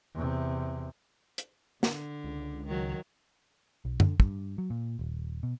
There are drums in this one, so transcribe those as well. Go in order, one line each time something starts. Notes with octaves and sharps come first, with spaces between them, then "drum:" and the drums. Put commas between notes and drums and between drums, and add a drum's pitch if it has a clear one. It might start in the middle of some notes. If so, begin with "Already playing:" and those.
E2 C3
drum: hi-hat
D3, drum: snare
C#2
D#3 F#3
B1
D3, drum: tom F#2
G2, drum: kick
F#3
A#2
D#1
B2